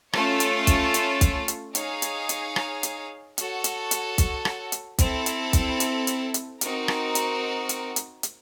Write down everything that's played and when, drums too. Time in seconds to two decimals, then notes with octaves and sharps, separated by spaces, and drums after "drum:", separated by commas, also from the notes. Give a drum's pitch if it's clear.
0.13 A3 C#4 F4 A4 C#5, drum: rim click
0.40 drum: hi-hat
0.67 drum: kick, hi-hat
0.94 drum: hi-hat
1.21 drum: kick, hi-hat
1.48 drum: hi-hat
1.75 D#4 G#4 C#5 F5, drum: hi-hat
2.02 drum: hi-hat
2.29 drum: hi-hat
2.56 drum: rim click
2.83 drum: hi-hat
3.38 F#4 A4 C#5 F#5, drum: hi-hat
3.64 drum: hi-hat
3.91 drum: hi-hat
4.18 drum: kick, hi-hat
4.45 drum: rim click
4.72 drum: hi-hat
4.99 C4 E4 A4, drum: kick, hi-hat
5.26 drum: hi-hat
5.53 drum: kick, hi-hat
5.80 drum: hi-hat
6.07 drum: hi-hat
6.34 drum: hi-hat
6.61 C4 D#4 F#4 A#4, drum: hi-hat
6.88 drum: rim click
7.15 drum: hi-hat
7.69 drum: hi-hat
7.96 drum: hi-hat
8.23 drum: hi-hat